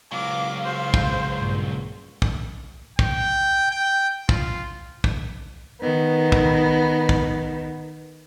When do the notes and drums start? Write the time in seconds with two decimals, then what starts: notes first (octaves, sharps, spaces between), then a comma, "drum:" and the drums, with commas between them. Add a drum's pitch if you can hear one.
0.12 C#2 F#3 F5 D6
0.65 C5
0.94 drum: kick
1.39 A#1 G2 A#2
2.22 drum: kick
2.99 G5, drum: kick
3.72 G5
4.29 F4, drum: kick
5.04 drum: kick
5.81 D#3 B3
6.32 drum: kick
7.09 drum: kick